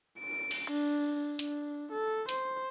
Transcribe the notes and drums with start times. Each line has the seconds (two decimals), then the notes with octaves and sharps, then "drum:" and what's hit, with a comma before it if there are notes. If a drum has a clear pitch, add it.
0.20 D7
0.51 drum: cymbal
0.70 D4
1.39 D4, drum: hi-hat
1.92 A4
2.29 C5, drum: hi-hat